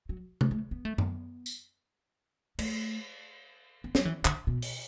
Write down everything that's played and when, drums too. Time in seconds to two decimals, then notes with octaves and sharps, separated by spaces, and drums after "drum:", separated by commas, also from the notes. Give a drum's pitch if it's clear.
0.09 F#3
0.41 drum: tom
0.51 A3
0.71 B3
0.85 A3
0.98 B3, drum: tom F#2
1.46 drum: tambourine
2.59 A3, drum: cymbal
3.84 B3
3.95 F#3, drum: snare
4.05 E3
4.25 D3, drum: clap
4.47 B2
4.62 drum: open hi-hat